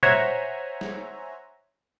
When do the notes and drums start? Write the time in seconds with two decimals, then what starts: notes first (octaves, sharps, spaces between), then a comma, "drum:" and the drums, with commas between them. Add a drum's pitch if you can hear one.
0.03 C5 C#5 E5 F#5 G#5 A#5, drum: tom A#2
0.81 drum: snare